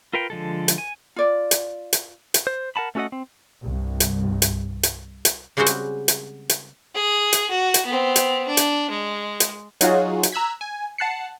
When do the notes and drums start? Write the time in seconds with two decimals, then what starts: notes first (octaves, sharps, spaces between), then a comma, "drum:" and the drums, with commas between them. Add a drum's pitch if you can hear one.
0.13 F4 A#4 B4 F5 G5
0.30 D3 F3 G#3 A4
0.68 drum: hi-hat
0.78 G#5
1.16 F4 D5
1.51 drum: hi-hat
1.93 drum: hi-hat
2.34 drum: hi-hat
2.47 C5
2.76 A#4 F#5 A5 B5
2.95 A3 C#4 F#4 A4 D#5 F#5
3.12 C4
3.64 C2 G2
4.00 drum: hi-hat
4.42 drum: hi-hat
4.83 drum: hi-hat
5.25 drum: hi-hat
5.57 C#3 G3 G#3 C4 F#4 C5
5.66 drum: hi-hat
6.08 drum: hi-hat
6.49 drum: hi-hat
6.95 G#4
7.33 drum: hi-hat
7.51 F#4
7.74 drum: hi-hat
7.86 B3 C4
8.16 drum: hi-hat
8.48 D4
8.57 drum: hi-hat
8.90 G#3
9.40 drum: hi-hat
9.81 F#3 D#4 F4 F#4 G#4, drum: hi-hat
10.23 drum: hi-hat
10.32 A#5 E6 F#6 G#6 B6
10.61 G#5
10.98 F#5 A5 F#6 C7 C#7